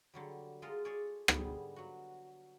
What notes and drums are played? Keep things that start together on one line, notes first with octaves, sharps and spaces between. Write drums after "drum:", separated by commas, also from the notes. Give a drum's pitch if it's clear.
D3 F#3 G3
G#3 F4 A4 A#4 D#5
G#4 A4 C#5 D5
G#2 D3 G3 B3 G#4, drum: rim click
F#3 F#4